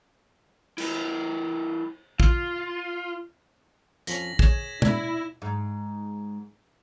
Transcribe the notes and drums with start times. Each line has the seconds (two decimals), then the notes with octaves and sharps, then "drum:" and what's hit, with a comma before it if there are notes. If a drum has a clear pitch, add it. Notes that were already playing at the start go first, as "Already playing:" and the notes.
0.78 E4 A#4 B4, drum: cymbal
2.20 F4, drum: kick
4.07 F2 F3 C#4 A#6 B6 F#7, drum: hi-hat
4.39 G#4 C#5 G#6 E7, drum: kick
4.82 E4 D5, drum: tom B2
5.42 G#2